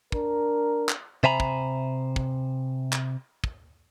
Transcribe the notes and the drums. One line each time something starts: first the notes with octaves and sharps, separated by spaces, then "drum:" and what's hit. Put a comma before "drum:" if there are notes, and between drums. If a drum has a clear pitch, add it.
D4 A#4, drum: kick
drum: clap
C3 C5 E5 G#5 A#5 B5
drum: kick
drum: kick
drum: clap
drum: kick